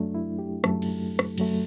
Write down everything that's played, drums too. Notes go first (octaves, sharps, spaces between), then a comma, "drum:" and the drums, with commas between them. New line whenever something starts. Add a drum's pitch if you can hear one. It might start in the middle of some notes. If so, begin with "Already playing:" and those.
Already playing: F#2 F#3 A3 D4
E4
G4
F#2 F#3 A3 A4, drum: rim click
drum: cymbal
drum: rim click
F#2 F#3 A3, drum: cymbal